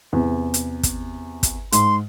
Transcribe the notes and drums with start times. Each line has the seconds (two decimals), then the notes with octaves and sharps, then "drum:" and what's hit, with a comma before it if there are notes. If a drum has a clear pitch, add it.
0.12 E2 C3
0.54 drum: hi-hat
0.83 drum: kick, hi-hat
1.43 drum: kick, hi-hat
1.72 G#2 C6, drum: hi-hat